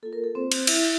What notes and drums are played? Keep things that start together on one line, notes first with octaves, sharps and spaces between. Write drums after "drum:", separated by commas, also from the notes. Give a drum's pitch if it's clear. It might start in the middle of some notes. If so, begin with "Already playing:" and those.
A#3 F4 A4
A#4
A4
C4 C5
drum: cymbal
E4 E5, drum: cymbal